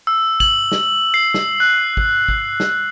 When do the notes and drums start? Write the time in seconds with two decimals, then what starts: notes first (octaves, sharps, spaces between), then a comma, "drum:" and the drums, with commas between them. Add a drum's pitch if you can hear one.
0.07 E6
0.40 F#7, drum: kick
0.72 drum: snare
1.14 C7
1.34 drum: snare
1.60 F#6
1.97 drum: kick
2.29 drum: kick
2.60 drum: snare